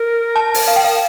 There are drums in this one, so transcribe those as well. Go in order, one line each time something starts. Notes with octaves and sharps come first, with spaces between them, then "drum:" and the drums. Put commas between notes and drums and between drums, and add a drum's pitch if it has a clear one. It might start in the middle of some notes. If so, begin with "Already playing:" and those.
Already playing: A#4
A5
drum: open hi-hat
F5
G5
F5